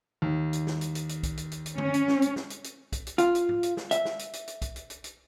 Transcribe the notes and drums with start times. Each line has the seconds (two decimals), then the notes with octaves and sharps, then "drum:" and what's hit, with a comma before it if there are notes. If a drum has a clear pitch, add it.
0.22 D#2
0.53 drum: hi-hat
0.67 drum: snare
0.81 drum: hi-hat
0.95 drum: hi-hat
1.09 drum: hi-hat
1.23 drum: kick, hi-hat
1.37 drum: hi-hat
1.52 drum: hi-hat
1.66 drum: hi-hat
1.78 C#4, drum: tom D3
1.94 drum: hi-hat
2.08 drum: snare
2.22 drum: hi-hat
2.36 drum: snare
2.50 drum: hi-hat
2.64 drum: hi-hat
2.92 drum: kick, hi-hat
3.07 drum: hi-hat
3.18 F4, drum: hi-hat
3.35 drum: hi-hat
3.49 drum: tom
3.63 drum: hi-hat
3.77 drum: snare
3.91 E5, drum: hi-hat
4.05 drum: snare
4.19 drum: hi-hat
4.33 drum: hi-hat
4.47 drum: hi-hat
4.62 drum: kick, hi-hat
4.76 drum: hi-hat
4.90 drum: hi-hat
5.04 drum: hi-hat